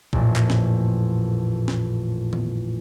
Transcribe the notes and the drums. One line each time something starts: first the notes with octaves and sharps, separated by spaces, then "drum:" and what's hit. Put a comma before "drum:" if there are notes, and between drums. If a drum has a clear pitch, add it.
A1 F2 A#2, drum: kick B1
drum: clap
drum: snare
drum: snare
drum: tom